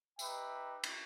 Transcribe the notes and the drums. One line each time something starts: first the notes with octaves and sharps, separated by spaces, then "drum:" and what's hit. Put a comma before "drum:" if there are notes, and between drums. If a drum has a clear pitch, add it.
D#4 G4 B4 E5 G5, drum: tambourine
drum: cymbal